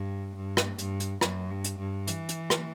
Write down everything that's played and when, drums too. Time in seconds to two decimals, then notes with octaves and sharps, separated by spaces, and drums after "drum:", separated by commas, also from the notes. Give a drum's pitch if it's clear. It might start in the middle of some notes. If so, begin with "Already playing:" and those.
Already playing: G2
0.36 G2
0.57 drum: rim click
0.78 G2, drum: hi-hat
1.00 drum: hi-hat
1.21 F#2, drum: rim click
1.50 G2
1.64 drum: hi-hat
1.79 G2
2.07 E3, drum: hi-hat
2.29 drum: hi-hat
2.50 drum: rim click